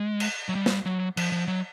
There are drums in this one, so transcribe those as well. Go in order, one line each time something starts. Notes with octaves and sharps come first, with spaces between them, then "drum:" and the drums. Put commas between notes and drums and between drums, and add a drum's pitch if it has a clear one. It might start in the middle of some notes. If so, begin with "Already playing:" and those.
Already playing: G#3
drum: cymbal
F#3
G3
drum: snare
F#3
F3, drum: cymbal
F3
F#3